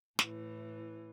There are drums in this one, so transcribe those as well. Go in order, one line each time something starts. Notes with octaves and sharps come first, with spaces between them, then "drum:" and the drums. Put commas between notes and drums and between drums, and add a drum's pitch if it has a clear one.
A2 E3, drum: snare